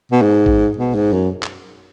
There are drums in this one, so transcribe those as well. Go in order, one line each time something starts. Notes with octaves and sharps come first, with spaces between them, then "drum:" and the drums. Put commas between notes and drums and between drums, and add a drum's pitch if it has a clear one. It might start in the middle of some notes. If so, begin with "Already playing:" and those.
B2
G#2
drum: kick A1
B2
G#2
F#2
drum: clap